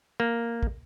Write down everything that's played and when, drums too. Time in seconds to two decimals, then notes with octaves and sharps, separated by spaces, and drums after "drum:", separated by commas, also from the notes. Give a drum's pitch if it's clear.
0.20 A#3
0.63 drum: kick